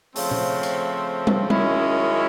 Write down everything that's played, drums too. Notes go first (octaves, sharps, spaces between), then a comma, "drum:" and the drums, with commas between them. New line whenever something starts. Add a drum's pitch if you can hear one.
C#3 F3 A3 C4, drum: open hi-hat
drum: tom A#2
drum: cymbal
drum: tom G3
F#2 D#3 G#3 C#4 E4, drum: tom G3